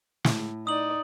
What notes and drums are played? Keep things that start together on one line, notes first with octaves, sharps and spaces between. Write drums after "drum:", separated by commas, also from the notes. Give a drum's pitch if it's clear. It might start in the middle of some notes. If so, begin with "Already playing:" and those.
A2, drum: snare
D#4 D5 D#6 F#7